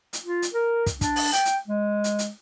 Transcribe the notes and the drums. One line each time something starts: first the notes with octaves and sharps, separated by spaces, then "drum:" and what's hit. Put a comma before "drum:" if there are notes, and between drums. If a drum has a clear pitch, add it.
drum: hi-hat
F4
drum: hi-hat
A#4
drum: kick, hi-hat
D4, drum: kick, hi-hat
drum: open hi-hat
G5, drum: hi-hat
drum: hi-hat
G#3
drum: hi-hat
drum: hi-hat